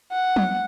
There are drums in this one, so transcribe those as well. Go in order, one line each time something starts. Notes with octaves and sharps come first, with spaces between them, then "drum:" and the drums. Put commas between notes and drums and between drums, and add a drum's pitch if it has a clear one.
F#5
drum: tom